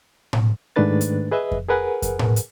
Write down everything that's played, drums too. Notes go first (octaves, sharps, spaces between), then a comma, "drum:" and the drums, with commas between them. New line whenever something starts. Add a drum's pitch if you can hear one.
drum: tom A2
G#2 D#3 A3 D4 B4 A6
drum: hi-hat
G#4 B4 D#5 E5
drum: kick F2
G#4 A#4 B4 F#5 G#5
drum: kick F2, hi-hat
drum: tom A2
drum: hi-hat